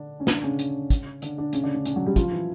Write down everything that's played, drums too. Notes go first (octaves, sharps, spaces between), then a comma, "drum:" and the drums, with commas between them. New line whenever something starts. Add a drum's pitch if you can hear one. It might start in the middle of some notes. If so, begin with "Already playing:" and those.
Already playing: D3 D4
C#4
D3 D4, drum: snare
C#3 C#4
drum: hi-hat
drum: kick, hi-hat
D3 D4, drum: hi-hat
D3 D4
C#3 C#4, drum: hi-hat
D3 D4
D3 D4
C#3 C#4, drum: hi-hat
F#3 F#4
G3 G4
F3 F4, drum: kick, hi-hat
E3 E4